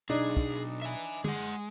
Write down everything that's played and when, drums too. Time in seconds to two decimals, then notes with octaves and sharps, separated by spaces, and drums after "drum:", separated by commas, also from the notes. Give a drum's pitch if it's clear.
0.10 B1 D4 D#4 G#4
0.37 drum: kick
0.82 E5 G#5
1.24 G#3 G#4 F#5, drum: tom D3